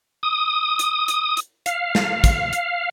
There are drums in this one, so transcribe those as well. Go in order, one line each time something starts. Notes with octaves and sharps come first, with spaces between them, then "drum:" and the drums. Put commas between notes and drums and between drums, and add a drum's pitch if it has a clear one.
D#6
drum: hi-hat
drum: hi-hat
drum: hi-hat
F5, drum: hi-hat
drum: snare
drum: kick, hi-hat
drum: hi-hat